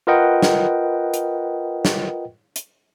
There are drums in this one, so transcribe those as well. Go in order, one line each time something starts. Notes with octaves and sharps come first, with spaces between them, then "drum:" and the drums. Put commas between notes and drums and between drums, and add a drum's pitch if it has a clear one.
F4 A#4 B4 D#5 F#5 G5
drum: snare
drum: hi-hat
drum: snare
drum: hi-hat